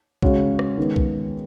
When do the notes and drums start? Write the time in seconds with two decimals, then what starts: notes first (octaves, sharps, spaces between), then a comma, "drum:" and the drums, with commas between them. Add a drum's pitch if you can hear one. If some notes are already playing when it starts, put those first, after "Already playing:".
0.22 C#3 G#3 C#4 F#4, drum: kick
0.59 drum: rim click
0.78 D#3 G#3 B3
0.96 drum: kick